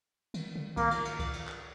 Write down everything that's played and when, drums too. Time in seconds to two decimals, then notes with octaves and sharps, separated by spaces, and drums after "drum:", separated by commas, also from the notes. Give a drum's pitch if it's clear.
0.34 D#3, drum: cymbal
0.55 D3
0.77 D#3 A#3, drum: kick C2, cymbal
0.91 drum: cymbal
1.05 drum: cymbal
1.19 drum: kick C2, cymbal
1.33 drum: cymbal
1.48 drum: clap